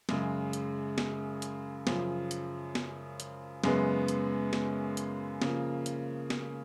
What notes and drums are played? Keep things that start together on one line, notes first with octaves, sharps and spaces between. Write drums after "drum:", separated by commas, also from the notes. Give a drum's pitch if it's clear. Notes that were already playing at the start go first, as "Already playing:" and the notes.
F#2 C#3 G#3, drum: snare
drum: hi-hat
drum: snare
drum: hi-hat
F#2 C#3 F3, drum: snare
drum: hi-hat
drum: snare
drum: hi-hat
F#2 C#3 G#3 B3, drum: snare
drum: hi-hat
drum: snare
drum: hi-hat
C#3 F3 A#3, drum: snare
drum: hi-hat
drum: snare